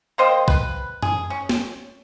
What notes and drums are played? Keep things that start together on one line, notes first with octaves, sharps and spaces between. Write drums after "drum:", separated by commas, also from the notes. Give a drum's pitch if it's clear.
A#3 C5 D#5 G5
B4, drum: kick
G#4, drum: tom F#2
C#4
drum: snare